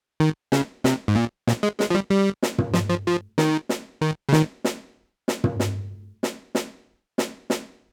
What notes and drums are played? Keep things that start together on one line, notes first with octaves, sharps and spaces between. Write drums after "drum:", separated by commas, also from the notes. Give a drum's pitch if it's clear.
D#3
C#3, drum: snare
C3, drum: snare
G#2
A#2
A#2, drum: snare
G#3
G#3, drum: snare
F3
G3
G3
drum: snare
drum: tom
F3, drum: snare
F3
F3
D#3, drum: snare
drum: snare
D#3
C#3
D#3, drum: snare
drum: snare
drum: snare
drum: tom
drum: snare
drum: snare
drum: snare
drum: snare
drum: snare